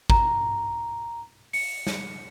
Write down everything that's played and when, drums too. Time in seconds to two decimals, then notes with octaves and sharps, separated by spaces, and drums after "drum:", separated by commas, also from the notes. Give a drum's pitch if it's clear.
0.10 A#5, drum: kick
1.53 C#7, drum: open hi-hat
1.87 drum: snare